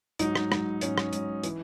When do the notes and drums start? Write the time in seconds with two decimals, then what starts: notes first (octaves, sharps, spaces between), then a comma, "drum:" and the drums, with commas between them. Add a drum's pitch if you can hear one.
0.19 G#2 F#3 D#4, drum: hi-hat
0.35 drum: rim click
0.52 G#2 F#3, drum: rim click
0.81 G#2 F#3 C#4, drum: hi-hat
0.98 drum: rim click
1.13 G#2 F#3, drum: hi-hat
1.44 E3, drum: hi-hat